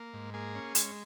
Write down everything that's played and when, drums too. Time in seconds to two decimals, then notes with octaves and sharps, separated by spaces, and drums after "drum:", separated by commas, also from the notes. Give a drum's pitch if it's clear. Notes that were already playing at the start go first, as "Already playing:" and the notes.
Already playing: A#3
0.14 G#2
0.34 A#3 G#4
0.55 C#4
0.75 G#3, drum: hi-hat